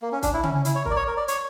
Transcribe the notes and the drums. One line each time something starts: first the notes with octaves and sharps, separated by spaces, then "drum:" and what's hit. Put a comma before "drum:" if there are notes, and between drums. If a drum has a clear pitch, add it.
A#3
C#4
D4, drum: kick, hi-hat
E4
C#4, drum: tom C#3
C#4
E4, drum: hi-hat
C#5
A#4, drum: kick
D5
C#5
A#4
D5
C#5, drum: hi-hat